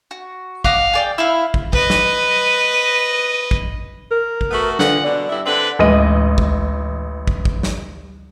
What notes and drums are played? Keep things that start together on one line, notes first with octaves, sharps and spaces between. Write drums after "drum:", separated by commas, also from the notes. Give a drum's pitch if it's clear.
F#4
D#5 F5 F#5 D6, drum: kick
G#4 D5 G5
E4 F5 B5 E6
drum: kick
B4 D#5, drum: kick
drum: snare
drum: kick
A#4
drum: kick
A3 B3 F#4
A#2 D3 B3 F#5, drum: snare
B2 D3 D5
G2 E4
D3 C4 B4 D5
A1 D2 G#3 B4 D#5 D#7
drum: kick
drum: kick
drum: kick
drum: snare